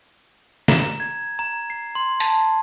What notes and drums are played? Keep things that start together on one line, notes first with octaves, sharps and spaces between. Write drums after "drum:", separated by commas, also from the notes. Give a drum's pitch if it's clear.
A#5, drum: snare
G#6
A#5
C7
C6
A5, drum: hi-hat